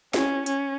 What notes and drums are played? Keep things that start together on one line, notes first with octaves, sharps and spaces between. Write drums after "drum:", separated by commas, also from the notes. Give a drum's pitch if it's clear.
C#4, drum: snare
C#4, drum: hi-hat